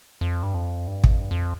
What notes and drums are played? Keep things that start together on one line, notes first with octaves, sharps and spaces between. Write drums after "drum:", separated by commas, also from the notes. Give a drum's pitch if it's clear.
F2
G2
F2
G2
E2, drum: kick
F2
G2
F2